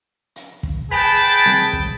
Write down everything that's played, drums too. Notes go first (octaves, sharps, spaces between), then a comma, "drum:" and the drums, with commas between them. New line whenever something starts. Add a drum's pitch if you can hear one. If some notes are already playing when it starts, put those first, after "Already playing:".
drum: hi-hat
drum: kick
G#4 B4 G5 A5
drum: snare C4
drum: kick